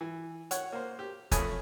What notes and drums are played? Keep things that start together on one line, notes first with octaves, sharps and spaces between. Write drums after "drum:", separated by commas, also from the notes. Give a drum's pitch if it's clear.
E3
C#5 F#5, drum: hi-hat
A#3 C5
G4
F2 A3 C#5 G#5 B5 D#6, drum: kick, hi-hat